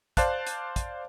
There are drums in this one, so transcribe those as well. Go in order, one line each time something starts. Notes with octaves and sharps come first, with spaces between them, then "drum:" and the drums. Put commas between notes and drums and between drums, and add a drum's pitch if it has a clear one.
C5 D5 F5 A5 F#6, drum: kick, hi-hat
drum: hi-hat
drum: kick, hi-hat